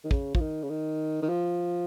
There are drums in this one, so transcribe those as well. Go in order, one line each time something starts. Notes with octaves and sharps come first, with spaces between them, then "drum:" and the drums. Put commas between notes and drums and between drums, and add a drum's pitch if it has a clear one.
D#3
C#3, drum: kick
F3, drum: kick
D#3
C#3
D#3
D#3
F3